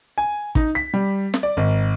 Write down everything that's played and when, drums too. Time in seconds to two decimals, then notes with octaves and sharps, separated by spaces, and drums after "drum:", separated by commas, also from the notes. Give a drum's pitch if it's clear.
0.18 G#5
0.55 D#4, drum: kick
0.75 B6
0.94 G3
1.34 drum: snare
1.43 D5
1.57 G#1